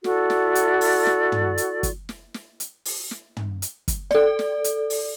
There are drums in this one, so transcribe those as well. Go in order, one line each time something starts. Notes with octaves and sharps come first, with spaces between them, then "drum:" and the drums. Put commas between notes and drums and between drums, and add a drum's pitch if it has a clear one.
E4 F#4 A4 D5, drum: snare
drum: snare
drum: hi-hat
drum: open hi-hat
drum: snare
drum: tom
drum: hi-hat
drum: kick, hi-hat
drum: snare
drum: snare
drum: hi-hat
drum: open hi-hat
drum: snare
drum: tom
drum: hi-hat
drum: kick, hi-hat
A4 D5, drum: snare
drum: snare
drum: hi-hat
drum: open hi-hat